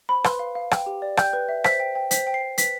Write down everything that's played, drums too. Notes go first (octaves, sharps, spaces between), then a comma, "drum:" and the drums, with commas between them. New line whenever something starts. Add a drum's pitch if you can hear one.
C5 B5
B4 C6, drum: rim click
F5
F5
G5, drum: rim click
G4
D5
G5 G6, drum: rim click
B4
E5
C5 B6, drum: rim click
G5
G5
C5 B6, drum: hi-hat
G5
C7
G5
B4 B6, drum: hi-hat